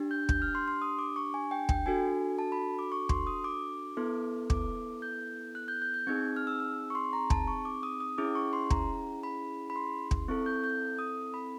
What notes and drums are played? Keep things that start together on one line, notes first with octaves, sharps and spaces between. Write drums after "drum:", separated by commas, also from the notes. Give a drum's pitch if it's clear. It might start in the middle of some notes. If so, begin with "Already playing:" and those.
Already playing: D4 G4
G6
G6, drum: kick
F6
C6
C6
D#6
D6
C#6
G#5
G5
G5, drum: kick
D4 F#4 A4 G#5
A5
B5
D6
C#6
C6, drum: kick
D#6
D6
B3 E4 A4
D6, drum: kick
G6
F#6
G6
G6
G6
C4 D#4 G#4 G#6
F6
E6
E6
C#6
C6
A#5
A5, drum: kick
C#6
D6
D#6
D#6
C#4 E4 G#4 D6
C#6
C6
A#5, drum: kick
B5
B5
C6
drum: kick
C4 E4 A4 C#6
G6
G6
D#6
B5